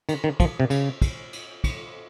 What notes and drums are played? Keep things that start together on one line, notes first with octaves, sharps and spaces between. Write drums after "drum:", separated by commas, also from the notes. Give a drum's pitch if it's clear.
D#3, drum: cymbal
D#3
F3, drum: kick, cymbal
C3
C#3, drum: cymbal
drum: kick, cymbal
drum: cymbal
drum: kick, cymbal